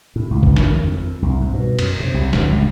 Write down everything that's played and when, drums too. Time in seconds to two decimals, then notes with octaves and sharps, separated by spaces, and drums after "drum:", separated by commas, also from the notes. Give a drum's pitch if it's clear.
0.16 A2
0.31 C#2
0.43 drum: kick
0.56 D#3, drum: snare
0.80 F2
1.22 C2
1.41 G#2
1.54 B2
1.79 F#2, drum: cymbal
2.00 C3
2.14 C2
2.33 D1, drum: snare
2.49 C#2